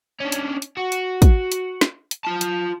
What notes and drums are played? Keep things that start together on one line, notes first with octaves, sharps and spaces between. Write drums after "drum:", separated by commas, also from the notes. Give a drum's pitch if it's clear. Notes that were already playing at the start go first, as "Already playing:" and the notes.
C#4 D4
drum: hi-hat
drum: hi-hat
F#4
drum: hi-hat
drum: kick, hi-hat
drum: hi-hat
drum: snare
drum: hi-hat
F4 A5
drum: hi-hat